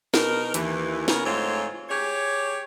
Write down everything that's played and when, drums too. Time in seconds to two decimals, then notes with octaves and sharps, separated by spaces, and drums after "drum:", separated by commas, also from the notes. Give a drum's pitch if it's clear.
0.14 B2 D#4 A#4, drum: snare
0.54 D#2 E3, drum: hi-hat
1.08 C#3 B3 A#4, drum: snare
1.25 G#2 A3 C4 F4 C#5
1.90 G4 G#4 C#5